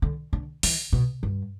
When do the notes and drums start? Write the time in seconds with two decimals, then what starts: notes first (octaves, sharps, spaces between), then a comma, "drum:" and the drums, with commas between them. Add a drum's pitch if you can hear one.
0.02 D3
0.33 D3
0.63 E3, drum: open hi-hat
0.93 B2
1.23 G2